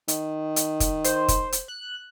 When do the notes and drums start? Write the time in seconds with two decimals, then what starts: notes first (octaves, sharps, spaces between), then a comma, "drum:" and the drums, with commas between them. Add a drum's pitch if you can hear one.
0.08 D#3, drum: hi-hat
0.56 drum: hi-hat
0.80 drum: kick, hi-hat
1.04 C5, drum: hi-hat
1.28 drum: kick, hi-hat
1.52 drum: hi-hat
1.68 F#6